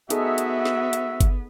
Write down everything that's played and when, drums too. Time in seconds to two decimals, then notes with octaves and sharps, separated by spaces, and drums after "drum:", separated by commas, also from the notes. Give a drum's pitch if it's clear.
0.10 B3 D#4 F#4 G#4 A4 E5, drum: hi-hat
0.38 drum: hi-hat
0.65 drum: snare
0.93 drum: hi-hat
1.21 drum: kick G1, hi-hat